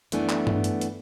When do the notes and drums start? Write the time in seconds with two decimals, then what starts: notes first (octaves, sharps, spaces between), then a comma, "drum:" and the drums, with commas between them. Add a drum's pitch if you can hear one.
0.12 F#2 E3 A3 B3 D4 G#5, drum: hi-hat
0.29 drum: clap
0.47 drum: tom G2
0.64 drum: hi-hat
0.81 drum: hi-hat